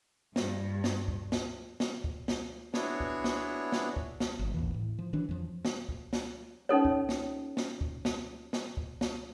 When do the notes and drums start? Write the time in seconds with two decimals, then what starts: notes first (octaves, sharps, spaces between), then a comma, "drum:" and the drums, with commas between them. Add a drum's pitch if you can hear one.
0.36 G2, drum: snare
0.84 drum: snare
1.08 drum: kick C#2
1.32 drum: snare
1.80 drum: snare
2.04 drum: kick C#2
2.28 drum: snare
2.74 B3 D4 E4 F#4 G#4 C#5, drum: snare
3.00 drum: kick C#2
3.24 drum: snare
3.72 drum: snare
3.96 drum: kick C#2
4.20 drum: snare
4.39 G1
4.54 A1 D#2 E3
4.74 A2
4.99 F3
5.13 D#3 E3 F#3 D4
5.29 F2 F3
5.65 drum: snare
5.89 drum: kick C#2
6.13 drum: snare
6.69 C#4 D#4 A4 C#5
6.85 drum: kick C#2
7.09 drum: snare
7.57 drum: snare
7.81 drum: kick C#2
8.05 drum: snare
8.53 drum: snare
8.77 drum: kick C#2
9.01 drum: snare